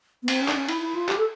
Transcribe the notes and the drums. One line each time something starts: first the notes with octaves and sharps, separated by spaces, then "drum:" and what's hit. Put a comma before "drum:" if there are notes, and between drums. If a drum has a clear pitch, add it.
B3
C4, drum: cymbal
C#4
D4, drum: clap
C#4
E4, drum: cymbal
E4
F4
G4, drum: clap
A4